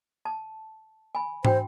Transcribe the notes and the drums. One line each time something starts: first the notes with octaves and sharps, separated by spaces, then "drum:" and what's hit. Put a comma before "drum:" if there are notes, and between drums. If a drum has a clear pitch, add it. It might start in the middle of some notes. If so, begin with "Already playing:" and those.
A5
G#5 B5
D4 F#4 C5 G5, drum: tom